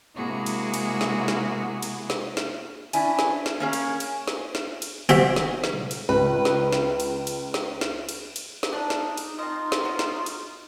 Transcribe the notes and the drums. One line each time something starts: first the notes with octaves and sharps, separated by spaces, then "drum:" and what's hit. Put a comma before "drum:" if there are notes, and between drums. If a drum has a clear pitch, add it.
C3 G#3 A#3 E4 F#4 G#4
drum: cymbal
drum: cymbal
drum: snare
drum: snare
drum: cymbal
drum: snare
drum: snare
C#4 D4 E4 G#5, drum: cymbal
drum: snare
drum: snare
A#3 C#4 G#4
drum: cymbal
drum: cymbal
drum: snare
drum: snare
drum: cymbal
C4 F#4 G4 E5, drum: cymbal
drum: snare
drum: snare
drum: cymbal
C#2 B4
drum: snare
drum: snare
drum: cymbal
drum: cymbal
drum: snare
drum: snare
drum: cymbal
drum: cymbal
drum: snare
D4 D#4
drum: snare
drum: cymbal
C4 F4 D#5
drum: snare
F#4
drum: snare
drum: cymbal